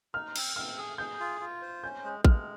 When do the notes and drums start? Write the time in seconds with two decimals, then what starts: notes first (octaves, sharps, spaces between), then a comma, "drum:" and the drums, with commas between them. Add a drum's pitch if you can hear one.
0.14 D#4 F6
0.36 C4, drum: cymbal
0.56 C4 F6
0.78 G#4
0.98 G#4 G6
1.20 F4
1.41 F4
1.62 C5
1.83 C#4 G6
2.04 G#3
2.25 G#3 F6, drum: kick A1